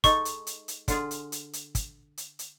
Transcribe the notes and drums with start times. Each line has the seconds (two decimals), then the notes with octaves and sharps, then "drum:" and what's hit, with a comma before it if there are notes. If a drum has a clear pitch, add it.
0.04 G#3 D#4 A4 C#6, drum: kick, hi-hat
0.25 drum: hi-hat
0.47 drum: hi-hat
0.68 drum: hi-hat
0.88 D3 F4 G#4, drum: kick, hi-hat
1.11 drum: hi-hat
1.32 drum: hi-hat
1.53 drum: hi-hat
1.75 drum: kick, hi-hat
2.17 drum: hi-hat
2.39 drum: hi-hat